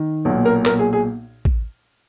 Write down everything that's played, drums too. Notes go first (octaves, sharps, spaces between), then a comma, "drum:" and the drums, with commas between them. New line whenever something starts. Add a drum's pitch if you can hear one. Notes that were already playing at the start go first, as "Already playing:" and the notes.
Already playing: D#3
B1 A#2
A#4
B1 A#2 A#4, drum: clap
G#4
G#4
drum: kick